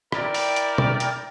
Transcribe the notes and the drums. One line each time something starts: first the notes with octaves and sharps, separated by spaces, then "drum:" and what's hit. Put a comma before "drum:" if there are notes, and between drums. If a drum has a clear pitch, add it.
E4 A#4 D5 G5, drum: rim click
drum: open hi-hat
drum: hi-hat
drum: tom
drum: hi-hat